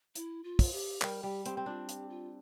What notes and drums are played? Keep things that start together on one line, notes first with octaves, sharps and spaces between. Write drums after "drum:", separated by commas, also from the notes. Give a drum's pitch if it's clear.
E4, drum: hi-hat
F4
drum: kick, open hi-hat
G4
G3 A#4, drum: clap
G3 G4
C4 G4, drum: hi-hat
C4
D4 F4
G4, drum: hi-hat
F4